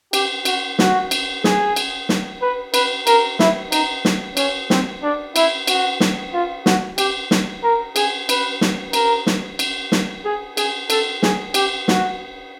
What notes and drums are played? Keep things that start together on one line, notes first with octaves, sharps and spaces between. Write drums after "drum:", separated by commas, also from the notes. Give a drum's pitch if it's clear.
G4, drum: cymbal
F#4, drum: cymbal
F#4, drum: snare
drum: cymbal
G#4, drum: snare
drum: cymbal
drum: snare
B4
B4, drum: cymbal
A#4, drum: cymbal
E4, drum: snare
D#4, drum: cymbal
drum: snare
C#4, drum: cymbal
C4, drum: snare
D4
E4, drum: cymbal
F#4, drum: cymbal
drum: snare
F4
F#4, drum: snare
G4, drum: cymbal
drum: snare
A#4
G#4, drum: cymbal
B4, drum: cymbal
drum: snare
A#4, drum: cymbal
drum: snare
drum: cymbal
drum: snare
G#4
G#4, drum: cymbal
A4, drum: cymbal
G#4, drum: snare
G4, drum: cymbal
F#4, drum: snare